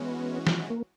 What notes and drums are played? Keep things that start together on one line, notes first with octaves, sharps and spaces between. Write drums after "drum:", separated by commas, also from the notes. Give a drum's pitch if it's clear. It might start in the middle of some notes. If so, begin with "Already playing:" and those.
Already playing: E3 G#3 B3 C#4 F#4
drum: snare
A#3